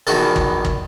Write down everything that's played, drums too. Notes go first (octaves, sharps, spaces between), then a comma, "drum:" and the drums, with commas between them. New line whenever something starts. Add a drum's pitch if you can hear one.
A#1 E2 D#3 F#4 A5
drum: kick
drum: kick